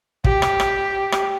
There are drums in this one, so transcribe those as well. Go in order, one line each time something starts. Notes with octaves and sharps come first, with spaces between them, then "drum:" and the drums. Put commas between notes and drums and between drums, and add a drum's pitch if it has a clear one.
G4, drum: kick
drum: rim click
drum: rim click
drum: rim click